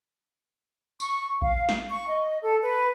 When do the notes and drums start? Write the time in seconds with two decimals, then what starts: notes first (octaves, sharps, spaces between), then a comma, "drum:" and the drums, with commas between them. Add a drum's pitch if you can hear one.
1.00 C#6, drum: tambourine
1.42 F5, drum: kick A1
1.69 drum: snare
1.89 C#6
2.07 D#5
2.42 A4
2.61 B4